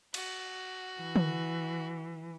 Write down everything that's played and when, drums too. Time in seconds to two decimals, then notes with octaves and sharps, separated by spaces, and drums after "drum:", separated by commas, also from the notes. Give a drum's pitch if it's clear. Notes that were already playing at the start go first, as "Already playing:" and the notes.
0.14 F#4, drum: cymbal
1.01 E3
1.16 drum: tom